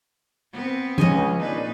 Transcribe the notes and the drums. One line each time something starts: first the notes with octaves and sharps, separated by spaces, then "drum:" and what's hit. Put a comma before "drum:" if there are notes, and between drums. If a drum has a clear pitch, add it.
B3 C4 B4
C#2 C#4 D#5 G#5, drum: tom
A#2 D4 D#4 B4